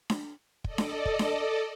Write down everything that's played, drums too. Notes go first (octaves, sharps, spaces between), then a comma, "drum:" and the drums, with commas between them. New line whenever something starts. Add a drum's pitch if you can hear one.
drum: snare D4
A4 D5 D#5, drum: kick
drum: snare D4
drum: kick
drum: snare D4